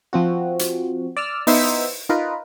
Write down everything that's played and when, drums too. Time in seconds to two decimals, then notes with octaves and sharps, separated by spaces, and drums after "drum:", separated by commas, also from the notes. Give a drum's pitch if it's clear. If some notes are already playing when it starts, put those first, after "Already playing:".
0.13 F3 C4 F#4
0.59 drum: hi-hat
1.17 D5 E6 F6
1.47 B3 D#4 E4 C5 E5, drum: open hi-hat
2.09 D#4 F4 A#4 B4